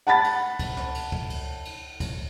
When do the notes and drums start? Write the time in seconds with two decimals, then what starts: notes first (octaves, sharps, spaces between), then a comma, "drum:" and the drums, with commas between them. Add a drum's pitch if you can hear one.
0.07 F#5 A5 B5 A6
0.24 drum: cymbal
0.59 drum: kick C#2, cymbal
0.77 drum: snare
0.95 drum: cymbal
1.12 drum: kick C#2
1.30 drum: cymbal
1.65 drum: cymbal
2.00 drum: kick C#2, cymbal